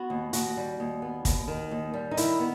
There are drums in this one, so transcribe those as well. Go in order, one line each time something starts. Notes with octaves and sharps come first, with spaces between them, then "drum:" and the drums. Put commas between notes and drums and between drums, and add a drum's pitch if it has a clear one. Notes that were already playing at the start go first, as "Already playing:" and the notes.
Already playing: B3 F#4
D#2
D#2 F#4, drum: hi-hat
G3
D#2
B3
D#2, drum: kick, hi-hat
D#3
D#2
G3
D#4
D#3 E4, drum: hi-hat
B3